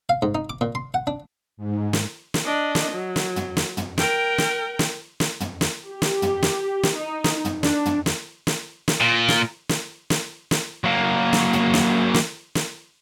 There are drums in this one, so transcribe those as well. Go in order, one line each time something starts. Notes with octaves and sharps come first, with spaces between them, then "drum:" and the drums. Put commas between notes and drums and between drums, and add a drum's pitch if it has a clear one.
F5
G#2
D#4
D6
A#2
C6
F#5
D4
G#2
drum: snare
drum: snare
D4 D#5
drum: snare
F#3
drum: snare
drum: tom
drum: snare
drum: tom
A#4 G5, drum: snare
drum: snare
drum: snare
drum: snare
drum: tom
drum: snare
G4
drum: snare
drum: tom
drum: snare
drum: snare
D#4
drum: snare
drum: tom
D4, drum: snare
drum: tom
drum: snare
drum: snare
drum: snare
A#2
drum: snare
drum: snare
drum: snare
drum: snare
F#3 A#3
drum: snare
drum: tom
drum: snare
drum: snare
drum: snare